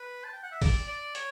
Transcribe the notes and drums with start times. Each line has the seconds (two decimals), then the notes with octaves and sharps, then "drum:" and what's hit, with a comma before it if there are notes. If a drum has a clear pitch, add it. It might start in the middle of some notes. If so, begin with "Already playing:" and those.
Already playing: B4
0.24 A5
0.33 G5
0.43 F#5
0.52 E5
0.62 D5, drum: kick, open hi-hat
0.88 D5
1.15 C#5, drum: hi-hat